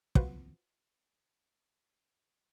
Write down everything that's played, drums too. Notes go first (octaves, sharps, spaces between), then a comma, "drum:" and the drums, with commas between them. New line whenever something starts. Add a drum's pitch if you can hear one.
F4 F#4 B4 C5 F#5, drum: kick